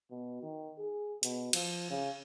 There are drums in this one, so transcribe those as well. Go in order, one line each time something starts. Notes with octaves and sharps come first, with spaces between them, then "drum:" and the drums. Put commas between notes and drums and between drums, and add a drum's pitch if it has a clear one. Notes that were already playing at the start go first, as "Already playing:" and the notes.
B2
D#3
G#4
B2, drum: hi-hat
F3, drum: cymbal
C#3